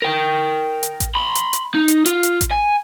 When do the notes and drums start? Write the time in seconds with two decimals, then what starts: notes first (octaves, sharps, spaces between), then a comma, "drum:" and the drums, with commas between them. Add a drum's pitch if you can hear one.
0.02 A#4 G5
0.83 drum: hi-hat
1.00 drum: kick A1, hi-hat
1.15 B5 C6
1.35 drum: hi-hat
1.53 drum: hi-hat
1.75 D#4
1.88 drum: hi-hat
2.06 F4, drum: hi-hat
2.23 drum: hi-hat
2.41 drum: kick A1, hi-hat
2.51 G#5